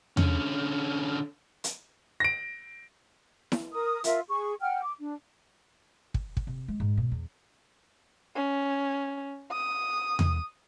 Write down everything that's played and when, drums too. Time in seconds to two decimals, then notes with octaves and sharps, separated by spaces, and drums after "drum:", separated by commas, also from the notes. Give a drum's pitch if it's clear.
0.17 D3 C#4, drum: tom E2
1.64 drum: hi-hat
2.20 A#6 D7
3.52 drum: snare E4
3.73 A#4 D#6
4.04 F4 A#4 E5, drum: hi-hat
4.29 G#4 C#6
4.61 F#5 G5 F6
4.82 D6
4.99 D4
6.14 drum: kick
6.37 drum: kick
6.47 C3
6.68 G#3
6.80 G#2
6.97 B2
7.11 E2
8.36 C#4
9.52 D#6
10.19 drum: tom E2